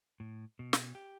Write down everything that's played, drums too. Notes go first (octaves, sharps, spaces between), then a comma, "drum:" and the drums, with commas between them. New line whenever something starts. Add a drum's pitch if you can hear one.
A2
B2
drum: snare
G4